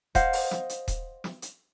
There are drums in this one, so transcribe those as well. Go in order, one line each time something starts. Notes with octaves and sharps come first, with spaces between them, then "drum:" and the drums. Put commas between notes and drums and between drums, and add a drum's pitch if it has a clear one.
C5 D#5 F5 F#5, drum: kick D#1, hi-hat
drum: open hi-hat
drum: snare
drum: hi-hat
drum: kick D#1, hi-hat
drum: snare
drum: hi-hat